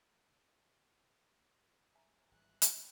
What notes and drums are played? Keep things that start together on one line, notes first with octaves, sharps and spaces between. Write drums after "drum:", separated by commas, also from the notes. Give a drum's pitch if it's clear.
E5 G#5 A#5
G#1 E3 G3 F#6
drum: hi-hat